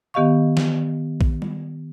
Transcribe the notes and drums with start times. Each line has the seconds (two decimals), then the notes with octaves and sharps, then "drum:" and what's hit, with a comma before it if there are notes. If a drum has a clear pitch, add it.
0.14 D#3 B3 G4 D#5 F5 C#6
0.57 drum: snare
1.21 drum: kick A#1
1.42 drum: tom G3